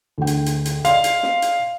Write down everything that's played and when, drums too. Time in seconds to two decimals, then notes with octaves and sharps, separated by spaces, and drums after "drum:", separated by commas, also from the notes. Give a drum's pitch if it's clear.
0.18 D2 G5
0.27 drum: hi-hat
0.46 drum: hi-hat
0.65 drum: hi-hat
0.85 D5 D#5 F5 C6, drum: hi-hat
1.04 drum: hi-hat
1.23 drum: snare
1.42 drum: hi-hat